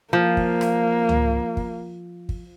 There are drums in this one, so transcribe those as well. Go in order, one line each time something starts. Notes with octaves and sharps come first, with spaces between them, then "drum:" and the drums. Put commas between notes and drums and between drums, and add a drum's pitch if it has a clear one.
F3 A#3
drum: kick
drum: rim click
drum: tom C#2
drum: kick
drum: kick